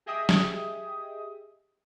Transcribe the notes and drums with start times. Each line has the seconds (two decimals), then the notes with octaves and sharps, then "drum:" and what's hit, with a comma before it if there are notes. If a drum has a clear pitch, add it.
0.06 G4 G#4 D#5 E5 G5 D#6
0.29 drum: snare